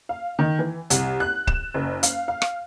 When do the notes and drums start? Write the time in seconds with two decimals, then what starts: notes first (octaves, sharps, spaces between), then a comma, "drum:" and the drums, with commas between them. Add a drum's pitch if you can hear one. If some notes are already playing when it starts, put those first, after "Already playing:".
0.09 F5
0.39 D#3
0.59 E3
0.90 C2, drum: hi-hat
1.20 F#6
1.47 E7, drum: kick C#1
1.74 F#1
2.03 F5, drum: hi-hat
2.28 F5
2.42 drum: rim click